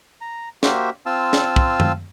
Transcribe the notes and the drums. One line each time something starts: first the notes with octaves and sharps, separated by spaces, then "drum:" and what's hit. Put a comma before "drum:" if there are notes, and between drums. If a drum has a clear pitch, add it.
A#5
A#3 F#4 G4 C5 E5, drum: snare
C4 F4 F5 A5 E6
drum: snare
drum: kick
drum: tom F#2